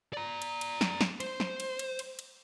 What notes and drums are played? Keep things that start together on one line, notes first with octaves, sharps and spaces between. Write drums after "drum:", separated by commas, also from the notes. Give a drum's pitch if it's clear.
D5 A#5
drum: cymbal
drum: cymbal
drum: snare
drum: snare
C5, drum: cymbal
drum: snare
drum: cymbal
drum: cymbal
drum: cymbal
drum: cymbal